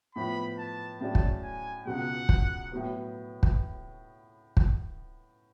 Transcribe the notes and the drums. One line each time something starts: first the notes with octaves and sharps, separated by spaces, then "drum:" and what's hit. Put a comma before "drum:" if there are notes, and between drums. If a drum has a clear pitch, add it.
A2 F3 B3 B5
A5
A2 F#3 C#4 G#4 D5 A5
drum: kick
G#5
C#2 B2 G#3 F#5
drum: kick
A2 F#3 B3
drum: kick
drum: kick